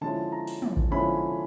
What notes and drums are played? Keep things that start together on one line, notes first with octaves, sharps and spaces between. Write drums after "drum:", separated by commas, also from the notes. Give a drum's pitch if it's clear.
D3 F3 G#3 C#4 E4 A5
A#5
drum: open hi-hat
drum: tom
drum: kick A1
D3 F3 G#3 C#4 E4 B5